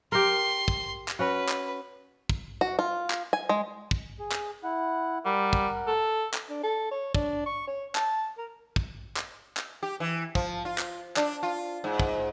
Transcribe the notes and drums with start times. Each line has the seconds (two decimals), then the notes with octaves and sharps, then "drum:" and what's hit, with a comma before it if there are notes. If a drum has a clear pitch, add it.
0.12 G4 A#4 C6
0.68 drum: kick
1.08 drum: clap
1.19 C#4 F#4 B4
1.49 drum: clap
2.30 drum: kick
2.61 F#4
2.79 F4
3.10 drum: clap
3.33 G#5
3.49 G#3
3.91 drum: kick
4.20 G#4
4.32 drum: clap
4.64 E4 F#5
5.25 G3 A#4 F#5
5.53 drum: kick
5.87 A4
6.34 drum: clap
6.49 D4
6.63 A4
6.91 C#5
7.15 D4, drum: kick
7.46 C#6
7.67 C#5
7.95 A5, drum: clap
8.38 A#4
8.76 drum: kick
9.17 drum: clap
9.57 drum: clap
9.83 G4
10.00 E3
10.35 F3, drum: kick
10.65 F4
10.78 drum: clap
11.17 D4, drum: clap
11.43 F4
11.84 G#2
12.00 drum: kick